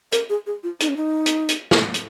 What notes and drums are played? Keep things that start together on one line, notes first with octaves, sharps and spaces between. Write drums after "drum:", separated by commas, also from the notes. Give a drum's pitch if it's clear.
A#4, drum: hi-hat
G#4
G#4
F4
D#4, drum: hi-hat
C#4
D#4
drum: hi-hat
drum: hi-hat
drum: snare
drum: hi-hat